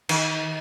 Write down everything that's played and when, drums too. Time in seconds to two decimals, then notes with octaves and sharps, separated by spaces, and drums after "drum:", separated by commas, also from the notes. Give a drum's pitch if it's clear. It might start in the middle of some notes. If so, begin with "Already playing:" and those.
0.09 D#3, drum: cymbal